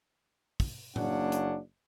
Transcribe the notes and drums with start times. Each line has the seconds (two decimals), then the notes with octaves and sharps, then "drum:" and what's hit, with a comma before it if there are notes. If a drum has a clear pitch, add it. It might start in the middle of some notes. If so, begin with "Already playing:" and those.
0.60 drum: kick, open hi-hat
0.96 F#1 A#3 C#4 D4 F#5, drum: tom A2
1.32 drum: hi-hat